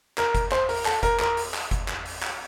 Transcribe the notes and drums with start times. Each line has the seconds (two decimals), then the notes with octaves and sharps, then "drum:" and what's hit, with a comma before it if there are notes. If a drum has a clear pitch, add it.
0.18 A#4, drum: clap
0.35 drum: kick F#1, hi-hat
0.52 C5, drum: clap
0.69 A#4, drum: open hi-hat
0.86 A4, drum: clap
1.03 A#4, drum: kick F#1, hi-hat
1.20 A#4, drum: clap
1.37 drum: open hi-hat
1.54 drum: clap
1.71 drum: kick F#1, hi-hat
1.88 drum: clap
2.06 drum: open hi-hat
2.23 drum: clap